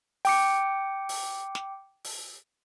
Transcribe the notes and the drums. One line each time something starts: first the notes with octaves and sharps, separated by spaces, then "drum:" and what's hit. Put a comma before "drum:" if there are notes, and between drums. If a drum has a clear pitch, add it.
G5 D6 C#7, drum: open hi-hat
drum: open hi-hat
drum: snare
drum: open hi-hat